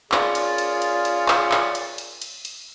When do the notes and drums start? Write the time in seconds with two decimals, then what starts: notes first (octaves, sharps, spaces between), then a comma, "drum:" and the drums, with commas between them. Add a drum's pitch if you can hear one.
0.12 C#4 F4 G#4 A#4 C#5 D5, drum: clap
0.35 drum: cymbal
0.58 drum: cymbal
0.82 drum: cymbal
1.05 drum: cymbal
1.28 drum: clap
1.52 drum: clap
1.75 drum: cymbal
1.98 drum: cymbal
2.22 drum: cymbal
2.45 drum: cymbal